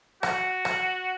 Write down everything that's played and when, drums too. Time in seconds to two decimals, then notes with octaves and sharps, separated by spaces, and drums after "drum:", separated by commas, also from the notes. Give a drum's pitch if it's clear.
0.23 F#4, drum: rim click
0.65 drum: rim click